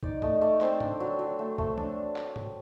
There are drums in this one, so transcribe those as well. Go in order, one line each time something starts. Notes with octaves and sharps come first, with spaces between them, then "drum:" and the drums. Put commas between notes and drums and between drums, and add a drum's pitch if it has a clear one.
D#4 D5, drum: kick C2
A3 D#5, drum: tom
A3 D5
C4 C5, drum: clap
D4, drum: tom
F#3
F#3
A3
A3, drum: kick C2
D4, drum: tom
drum: clap
drum: tom